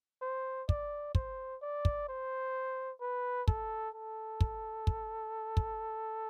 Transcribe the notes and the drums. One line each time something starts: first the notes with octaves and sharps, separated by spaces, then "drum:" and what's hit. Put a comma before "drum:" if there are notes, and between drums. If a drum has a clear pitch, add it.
C5
D5, drum: kick
C5, drum: kick
D5
drum: kick
C5
B4
A4, drum: kick
A4
drum: kick
drum: kick
drum: kick